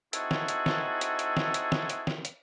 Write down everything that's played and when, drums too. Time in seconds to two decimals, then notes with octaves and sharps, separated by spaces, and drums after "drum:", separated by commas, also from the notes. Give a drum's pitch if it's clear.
0.13 C4 D#4 E4 F#4 G#4 A4, drum: hi-hat
0.31 drum: snare
0.48 drum: hi-hat
0.66 drum: snare
1.01 drum: hi-hat
1.19 drum: hi-hat
1.37 drum: snare
1.54 drum: hi-hat
1.72 drum: snare
1.89 drum: hi-hat
2.07 drum: snare
2.25 drum: hi-hat